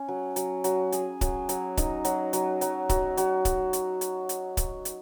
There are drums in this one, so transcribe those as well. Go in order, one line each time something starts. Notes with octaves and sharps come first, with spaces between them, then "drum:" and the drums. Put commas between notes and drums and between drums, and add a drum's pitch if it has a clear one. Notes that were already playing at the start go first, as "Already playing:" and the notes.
Already playing: C#4
F#3
F#3, drum: hi-hat
F#3, drum: hi-hat
G#4, drum: hi-hat
F#3, drum: kick C#1, hi-hat
F#3, drum: hi-hat
D#4, drum: kick C#1, hi-hat
F#3, drum: hi-hat
F#3, drum: hi-hat
F#3, drum: hi-hat
F#3, drum: kick C#1, hi-hat
F#3, drum: hi-hat
drum: kick C#1, hi-hat
drum: hi-hat
drum: hi-hat
drum: hi-hat
drum: kick C#1, hi-hat
drum: hi-hat